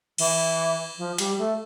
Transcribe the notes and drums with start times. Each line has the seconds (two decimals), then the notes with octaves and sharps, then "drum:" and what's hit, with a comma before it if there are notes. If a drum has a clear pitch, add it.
0.18 E3, drum: cymbal
0.98 F3
1.18 G3, drum: hi-hat
1.38 A3